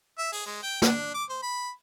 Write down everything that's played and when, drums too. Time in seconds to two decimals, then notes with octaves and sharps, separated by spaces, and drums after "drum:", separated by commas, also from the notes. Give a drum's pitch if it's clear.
0.19 E5
0.32 G#4, drum: open hi-hat
0.46 G#3
0.63 G5
0.82 D4, drum: snare
1.14 D6
1.30 C5
1.43 B5